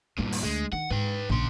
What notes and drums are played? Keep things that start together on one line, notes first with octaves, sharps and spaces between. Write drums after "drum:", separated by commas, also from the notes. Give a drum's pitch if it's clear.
G2 A#2 G3 B3
drum: open hi-hat
D2 G#3
D#3 F#5
G#2 B4 G5
A#1 D#2 C#3 C6